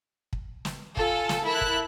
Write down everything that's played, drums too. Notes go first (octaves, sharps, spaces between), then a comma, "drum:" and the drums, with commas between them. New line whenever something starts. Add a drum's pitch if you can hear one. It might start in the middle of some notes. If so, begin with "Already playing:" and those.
drum: kick
drum: snare
F4 A4 G#5, drum: kick
drum: snare
E4 A#4 A5 F#6
drum: kick